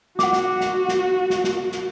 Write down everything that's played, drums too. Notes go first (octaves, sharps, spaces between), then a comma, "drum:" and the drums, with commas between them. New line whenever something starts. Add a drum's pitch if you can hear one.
F#4 F#5 D6, drum: snare
drum: snare
drum: snare
drum: snare
drum: snare
drum: snare
drum: snare